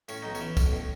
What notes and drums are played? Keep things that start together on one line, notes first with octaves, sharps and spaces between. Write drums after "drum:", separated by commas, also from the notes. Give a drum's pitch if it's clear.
A2 C#4, drum: tambourine
B1 D#4
C#4, drum: tambourine
E3
B1, drum: kick, tambourine
A2